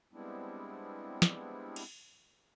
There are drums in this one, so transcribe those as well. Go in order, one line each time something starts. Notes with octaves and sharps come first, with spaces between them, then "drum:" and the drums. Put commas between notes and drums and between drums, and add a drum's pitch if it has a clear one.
G3 G#3 B3 C4 D4 E4
drum: snare
drum: cymbal